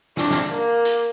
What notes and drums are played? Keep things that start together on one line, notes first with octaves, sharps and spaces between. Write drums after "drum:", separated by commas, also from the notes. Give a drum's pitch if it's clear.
D4, drum: snare
drum: snare
A#3
drum: hi-hat